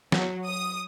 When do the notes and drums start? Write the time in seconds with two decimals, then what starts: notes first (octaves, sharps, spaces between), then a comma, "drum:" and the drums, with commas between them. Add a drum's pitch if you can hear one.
0.12 F#3, drum: snare
0.46 D#6